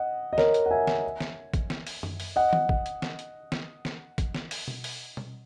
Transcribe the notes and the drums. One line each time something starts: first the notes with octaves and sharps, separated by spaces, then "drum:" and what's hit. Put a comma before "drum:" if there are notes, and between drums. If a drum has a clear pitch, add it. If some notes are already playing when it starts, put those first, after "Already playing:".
Already playing: D#5 F#5
D#5
A#4 C#5, drum: snare
drum: hi-hat
F#5
E5 G#5
drum: snare
drum: snare
drum: kick, hi-hat
drum: snare
drum: open hi-hat
drum: tom F#2
drum: open hi-hat
D#5 F#5
drum: tom D#3
drum: kick
drum: hi-hat
drum: snare
drum: hi-hat
drum: snare
drum: snare
drum: kick, hi-hat
drum: snare
drum: open hi-hat
drum: tom B2
drum: open hi-hat
drum: tom B2